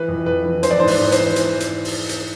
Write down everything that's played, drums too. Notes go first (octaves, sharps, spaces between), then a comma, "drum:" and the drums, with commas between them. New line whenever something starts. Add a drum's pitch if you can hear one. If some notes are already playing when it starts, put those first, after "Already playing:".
Already playing: E3 B4
F2
F2 B4
E3
E3 C5, drum: hi-hat
D5
G#2 C5
B4, drum: open hi-hat
G#2
C5, drum: hi-hat
E3
drum: hi-hat
drum: hi-hat
drum: open hi-hat
drum: hi-hat